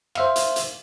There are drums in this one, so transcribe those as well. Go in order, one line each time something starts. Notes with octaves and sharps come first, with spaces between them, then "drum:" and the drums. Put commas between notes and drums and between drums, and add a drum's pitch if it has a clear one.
C5 E5 F5, drum: rim click
drum: hi-hat
drum: hi-hat